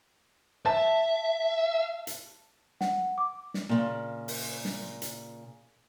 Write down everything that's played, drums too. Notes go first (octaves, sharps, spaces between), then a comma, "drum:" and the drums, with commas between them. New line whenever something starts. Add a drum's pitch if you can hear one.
E5 A5
drum: hi-hat
F#5, drum: snare
D6
drum: snare
A#2 C#3
drum: open hi-hat
drum: snare
drum: hi-hat